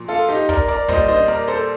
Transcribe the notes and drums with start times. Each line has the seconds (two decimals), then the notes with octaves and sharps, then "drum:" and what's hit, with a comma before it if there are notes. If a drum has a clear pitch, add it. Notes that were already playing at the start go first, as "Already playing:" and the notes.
Already playing: A#2 F3
0.08 F4 A4
0.29 D#4 G4
0.49 A#4 D5, drum: kick
0.68 A#4 D5
0.88 A#2 G3 C5 D#5, drum: kick
1.08 C5 D#5, drum: snare
1.28 A#4 D5
1.48 A4 C5